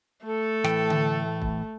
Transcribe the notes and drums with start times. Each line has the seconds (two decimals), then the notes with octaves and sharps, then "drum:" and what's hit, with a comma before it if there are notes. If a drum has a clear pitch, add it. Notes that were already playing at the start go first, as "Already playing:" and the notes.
0.25 A3 A4
0.64 A2 E3 G5, drum: rim click
0.90 drum: tom D3
1.42 drum: kick